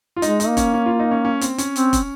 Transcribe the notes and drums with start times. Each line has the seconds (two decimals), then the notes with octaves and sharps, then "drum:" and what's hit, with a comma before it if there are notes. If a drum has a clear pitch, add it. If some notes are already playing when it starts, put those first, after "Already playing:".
0.16 F4
0.22 G#3 D#4, drum: hi-hat
0.40 D#4, drum: hi-hat
0.48 A#3
0.57 C#4, drum: kick F1, hi-hat
0.74 C#4
0.86 F4
1.00 D#4
1.11 C#4
1.25 C#4
1.41 C4, drum: hi-hat
1.58 C#4, drum: hi-hat
1.76 C4, drum: hi-hat
1.93 drum: kick F1, hi-hat